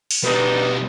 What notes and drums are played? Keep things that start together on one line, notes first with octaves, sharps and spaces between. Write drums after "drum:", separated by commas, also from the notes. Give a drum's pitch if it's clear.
drum: open hi-hat
B2 G3 D4 D#4 B4 D#5